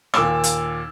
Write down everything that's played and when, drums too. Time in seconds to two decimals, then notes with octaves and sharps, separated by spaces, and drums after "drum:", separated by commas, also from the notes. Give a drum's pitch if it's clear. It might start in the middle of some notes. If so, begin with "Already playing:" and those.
0.14 D#2 A#2 D6 E6, drum: rim click
0.44 drum: hi-hat